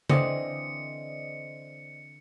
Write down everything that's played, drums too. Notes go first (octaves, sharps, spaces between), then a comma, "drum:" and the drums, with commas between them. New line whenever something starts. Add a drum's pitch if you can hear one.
D3 E3 C4 C5 D5 D#5 C#7, drum: tom